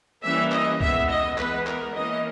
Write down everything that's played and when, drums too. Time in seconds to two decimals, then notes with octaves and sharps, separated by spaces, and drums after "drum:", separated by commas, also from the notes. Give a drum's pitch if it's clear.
0.23 E3 G3 A#3 C#4 E5
0.52 D#5, drum: clap
0.81 E3 G#3 B3 E5, drum: kick C2
1.09 D#5
1.38 E3 G#3 B3 B4, drum: clap
1.67 A#4, drum: clap
1.95 E3 A#3 C#4 D#5